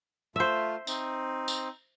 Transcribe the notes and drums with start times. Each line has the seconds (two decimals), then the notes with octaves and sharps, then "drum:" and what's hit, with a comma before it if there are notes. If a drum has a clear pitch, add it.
0.36 A3 F4 C5 E5
0.87 C4 D#4, drum: tambourine
1.48 drum: tambourine